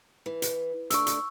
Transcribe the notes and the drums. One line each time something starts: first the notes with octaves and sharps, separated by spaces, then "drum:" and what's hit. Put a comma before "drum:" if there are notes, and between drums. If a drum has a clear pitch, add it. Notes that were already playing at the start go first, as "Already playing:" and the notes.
E3
drum: hi-hat
A3 D4 D5 C#6 E6, drum: hi-hat
drum: hi-hat